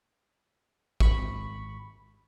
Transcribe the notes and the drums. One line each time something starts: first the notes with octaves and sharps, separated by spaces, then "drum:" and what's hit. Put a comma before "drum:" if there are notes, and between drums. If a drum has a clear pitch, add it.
G#1 B5 C#6, drum: kick